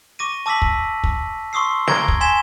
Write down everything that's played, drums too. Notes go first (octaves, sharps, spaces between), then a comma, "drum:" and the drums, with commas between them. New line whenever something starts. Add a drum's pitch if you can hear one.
C#6 D6 A#6 D#7
A5 D6 E6 A#6 B6 F#7
drum: kick
drum: kick
C6 C#6 D#6 E6 C7
A#5 C#6 G#6 A#6 D7 G7, drum: snare
drum: kick
G#5 C6 G#6 B6 E7 G7